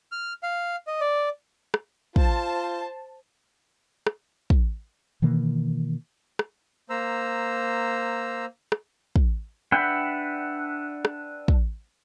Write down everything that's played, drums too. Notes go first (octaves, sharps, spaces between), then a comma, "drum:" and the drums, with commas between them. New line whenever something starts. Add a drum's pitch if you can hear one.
F6
F5
D#5
D5
drum: rim click
F4 C5 A5, drum: kick
drum: rim click
drum: kick
B2 D#3 E3 A#3
drum: rim click
A#3 C5 A#5 E6
drum: rim click
drum: kick
D4 B4 E5 F#5 G5
drum: rim click
drum: kick